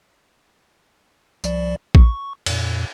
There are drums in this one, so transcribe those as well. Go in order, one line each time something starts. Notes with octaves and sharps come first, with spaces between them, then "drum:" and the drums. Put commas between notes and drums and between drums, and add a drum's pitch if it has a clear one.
C2 F3 D5, drum: tambourine
C#6, drum: kick
F2 A#2, drum: cymbal